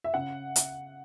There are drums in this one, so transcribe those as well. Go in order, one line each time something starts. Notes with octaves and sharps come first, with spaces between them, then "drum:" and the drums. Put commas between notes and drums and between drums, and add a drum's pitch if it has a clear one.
E5
C#3 F#5
drum: hi-hat